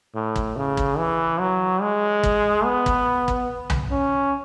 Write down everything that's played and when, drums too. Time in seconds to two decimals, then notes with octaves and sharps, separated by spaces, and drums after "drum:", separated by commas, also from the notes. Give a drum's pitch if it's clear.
0.15 A2
0.36 drum: kick
0.56 C#3
0.77 drum: kick
0.98 E3
1.40 F#3
1.82 G#3
2.23 drum: kick
2.65 B3
2.86 drum: kick
3.28 drum: kick
3.70 drum: tom C2
3.91 C#4